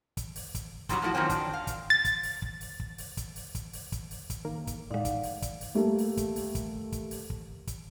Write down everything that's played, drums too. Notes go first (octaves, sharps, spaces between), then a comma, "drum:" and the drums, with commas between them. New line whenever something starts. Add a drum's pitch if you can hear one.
drum: kick, hi-hat
drum: open hi-hat
drum: kick, hi-hat
G#2 C#3 F#3 G3, drum: kick, hi-hat
F3 A3 D#4 E4 F#4
D#3 F3 F#3 A#3 C4 C#4
D4, drum: kick, hi-hat
F5
drum: kick, hi-hat
A6
drum: kick, hi-hat
drum: open hi-hat
drum: kick
drum: open hi-hat
drum: kick
drum: open hi-hat
drum: kick, hi-hat
drum: open hi-hat
drum: kick, hi-hat
drum: open hi-hat
drum: kick, hi-hat
drum: open hi-hat
drum: kick, hi-hat
D#3 A#3
drum: kick, hi-hat
A2 G#3 D#4 D5 F5 F#5
drum: kick, hi-hat
drum: open hi-hat
drum: kick, hi-hat
drum: open hi-hat
G3 A3 A#3 G4 A#4
drum: open hi-hat
drum: kick, hi-hat
drum: open hi-hat
drum: kick, hi-hat
drum: kick, hi-hat
drum: open hi-hat
drum: kick
drum: kick, hi-hat